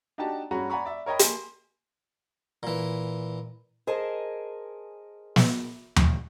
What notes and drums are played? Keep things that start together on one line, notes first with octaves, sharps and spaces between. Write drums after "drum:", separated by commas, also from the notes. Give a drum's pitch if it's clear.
D4 D#4 F#4 G4 A5
G2 C#4 F#4 G#4 A#5 B5
D5 F#5 G#5 A#5 B5 C#6
D5 E5
A#4 C#5 D#5 G5 B5
A#3 G#5, drum: hi-hat
A#2 E3
G#4 A#4 C5 D#5 G#5 A5
drum: snare
drum: tom D#2